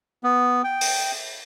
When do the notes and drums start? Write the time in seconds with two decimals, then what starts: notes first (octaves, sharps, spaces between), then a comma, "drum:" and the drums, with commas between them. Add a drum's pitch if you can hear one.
0.24 B3
0.64 G5
0.81 drum: open hi-hat